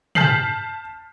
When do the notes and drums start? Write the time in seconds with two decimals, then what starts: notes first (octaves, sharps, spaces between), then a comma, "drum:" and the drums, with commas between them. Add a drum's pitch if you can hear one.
0.15 A5 F6 G6 B6 C7 F#7, drum: tom